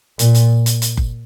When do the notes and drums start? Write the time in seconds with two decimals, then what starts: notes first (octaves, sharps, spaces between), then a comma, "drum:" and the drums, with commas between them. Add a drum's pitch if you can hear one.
0.19 A#2, drum: hi-hat
0.35 drum: hi-hat
0.66 drum: hi-hat
0.82 drum: hi-hat
0.97 drum: kick F#1